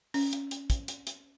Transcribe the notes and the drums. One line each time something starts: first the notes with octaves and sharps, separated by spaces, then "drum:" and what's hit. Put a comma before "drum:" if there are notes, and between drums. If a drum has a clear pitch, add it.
C#4, drum: open hi-hat
drum: hi-hat
drum: hi-hat
drum: kick, hi-hat
drum: hi-hat
drum: hi-hat